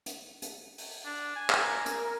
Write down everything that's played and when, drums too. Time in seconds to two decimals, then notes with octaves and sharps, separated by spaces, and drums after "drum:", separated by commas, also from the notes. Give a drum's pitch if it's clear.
0.06 drum: hi-hat
0.42 drum: hi-hat
0.78 drum: open hi-hat
1.05 D4
1.36 G#5
1.50 A#4, drum: clap
1.86 drum: hi-hat